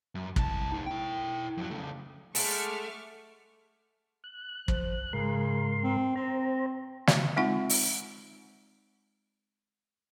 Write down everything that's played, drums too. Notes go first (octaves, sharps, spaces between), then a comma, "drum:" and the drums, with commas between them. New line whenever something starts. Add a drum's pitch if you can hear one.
F#2
C2 A5, drum: kick
A3 D#4
E4 G5
F2 F#3
C#3 A3
G#3 A3 A4 F#5 C#6 D6 F6, drum: open hi-hat
F#6
F3, drum: kick
G#2 C#3 A#4 C6
C4
C4 C5 A#5
drum: snare
G#3 C4 D#4 F4 F#5
drum: open hi-hat